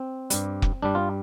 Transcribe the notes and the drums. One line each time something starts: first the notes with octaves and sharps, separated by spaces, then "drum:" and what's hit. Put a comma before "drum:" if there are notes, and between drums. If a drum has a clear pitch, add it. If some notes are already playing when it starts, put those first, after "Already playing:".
Already playing: C4
G2 G3, drum: hi-hat
drum: kick
G2 G3 D4
F4